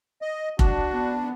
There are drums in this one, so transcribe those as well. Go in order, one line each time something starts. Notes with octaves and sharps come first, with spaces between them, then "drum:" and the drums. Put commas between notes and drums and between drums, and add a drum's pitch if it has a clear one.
D#5
D4 F#4, drum: kick F1
B3